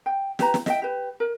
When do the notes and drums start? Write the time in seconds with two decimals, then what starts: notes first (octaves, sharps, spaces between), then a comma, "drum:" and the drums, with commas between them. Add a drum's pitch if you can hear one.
0.06 G5
0.39 G4 B4 A#5, drum: snare
0.54 drum: snare
0.66 D#5 E5 G5, drum: snare
0.82 G4 B4
1.20 A#4